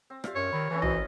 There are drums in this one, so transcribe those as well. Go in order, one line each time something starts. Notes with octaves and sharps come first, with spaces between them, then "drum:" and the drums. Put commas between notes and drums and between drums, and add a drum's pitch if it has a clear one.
C4
F4 G4 D5 E5 F5, drum: rim click
F#2 C#5
D#3 B5
E3 A3 C4 C#4
E4 F#4 C5 D#5, drum: tom A1